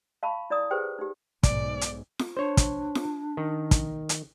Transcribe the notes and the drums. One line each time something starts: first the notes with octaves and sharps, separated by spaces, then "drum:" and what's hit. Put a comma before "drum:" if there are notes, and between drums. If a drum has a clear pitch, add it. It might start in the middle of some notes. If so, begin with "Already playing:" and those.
F5 A5 B5 C#6
E4 D5 A#5 D#6
G4 G#4 B4 C5 G5
D#4 G4
B1 G#2 D5, drum: kick, hi-hat
drum: hi-hat
drum: snare
D4 C5 C#5
drum: kick, hi-hat
drum: snare
D#3
drum: kick, hi-hat
drum: hi-hat